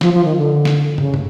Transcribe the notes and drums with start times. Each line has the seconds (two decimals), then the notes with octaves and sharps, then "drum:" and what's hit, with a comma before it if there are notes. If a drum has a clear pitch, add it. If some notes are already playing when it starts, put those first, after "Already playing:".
0.01 F3, drum: snare
0.13 F3
0.25 D#3
0.37 D3
0.65 drum: snare
0.98 C#3, drum: tom
1.14 drum: tom